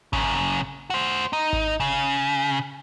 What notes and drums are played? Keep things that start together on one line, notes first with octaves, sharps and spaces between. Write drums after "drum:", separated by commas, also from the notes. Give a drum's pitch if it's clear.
F#2 C#3, drum: kick G#1
F#4 C5
D#4
drum: kick G#1
C#3